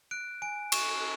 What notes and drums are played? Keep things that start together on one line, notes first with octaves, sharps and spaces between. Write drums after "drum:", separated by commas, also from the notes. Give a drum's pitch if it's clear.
F#6 D7
G#5 D7
C#6 E7, drum: cymbal